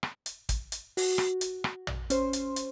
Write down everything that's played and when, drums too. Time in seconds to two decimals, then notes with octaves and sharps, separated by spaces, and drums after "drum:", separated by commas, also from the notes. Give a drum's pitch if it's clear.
0.03 drum: rim click
0.26 drum: hi-hat
0.49 drum: kick, hi-hat
0.72 drum: hi-hat
0.97 F#4, drum: open hi-hat
1.18 drum: rim click
1.41 drum: hi-hat
1.64 drum: rim click
1.87 drum: tom
2.10 C#4 C5 C6, drum: hi-hat
2.33 drum: hi-hat
2.56 drum: hi-hat